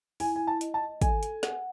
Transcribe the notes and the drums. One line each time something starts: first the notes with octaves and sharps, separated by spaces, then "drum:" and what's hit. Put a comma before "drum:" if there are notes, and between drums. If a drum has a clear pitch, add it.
E4 G#5, drum: open hi-hat
G#5
A5
D#5, drum: hi-hat
A5
A4 G#5, drum: kick, hi-hat
drum: hi-hat
F#5, drum: snare